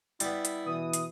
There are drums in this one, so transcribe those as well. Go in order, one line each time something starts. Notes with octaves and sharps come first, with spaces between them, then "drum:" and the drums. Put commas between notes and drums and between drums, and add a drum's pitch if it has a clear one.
G3 B3 E4, drum: hi-hat
drum: hi-hat
B2 E3 D#6
drum: hi-hat